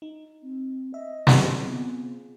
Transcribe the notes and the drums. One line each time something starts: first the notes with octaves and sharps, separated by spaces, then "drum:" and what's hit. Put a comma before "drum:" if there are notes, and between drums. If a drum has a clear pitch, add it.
D#4
C4
D#5 E5
C4 F4 G#4, drum: snare
B3